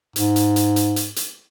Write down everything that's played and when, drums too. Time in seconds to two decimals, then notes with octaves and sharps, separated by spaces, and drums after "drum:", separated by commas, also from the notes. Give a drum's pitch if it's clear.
0.16 G#2, drum: hi-hat
0.36 drum: hi-hat
0.56 drum: hi-hat
0.76 drum: hi-hat
0.96 drum: hi-hat
1.16 drum: hi-hat